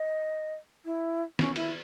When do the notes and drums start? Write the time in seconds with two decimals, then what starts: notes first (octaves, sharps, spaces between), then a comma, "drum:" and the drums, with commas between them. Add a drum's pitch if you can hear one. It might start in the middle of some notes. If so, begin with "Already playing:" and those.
Already playing: D#5
0.85 E4
1.39 C#4, drum: snare
1.56 E4, drum: cymbal